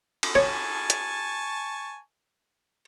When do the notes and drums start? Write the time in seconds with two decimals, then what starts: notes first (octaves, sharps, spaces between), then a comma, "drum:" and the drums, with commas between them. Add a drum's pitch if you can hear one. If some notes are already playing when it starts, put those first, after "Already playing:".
0.23 drum: cymbal
0.35 C#5 G#5 A5 C#6
0.90 drum: hi-hat